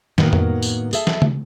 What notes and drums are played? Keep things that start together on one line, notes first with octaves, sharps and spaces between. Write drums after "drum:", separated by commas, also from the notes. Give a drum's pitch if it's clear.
A2 D#3 F#3 A#3 B3, drum: snare
drum: tom F2
drum: tambourine
G#4 A4 E5 A5, drum: tambourine
drum: snare
drum: tom